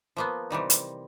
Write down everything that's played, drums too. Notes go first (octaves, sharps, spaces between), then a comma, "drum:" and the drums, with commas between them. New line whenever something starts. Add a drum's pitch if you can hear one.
F3 A#3 B3
C3 E3 G3 D#4
drum: hi-hat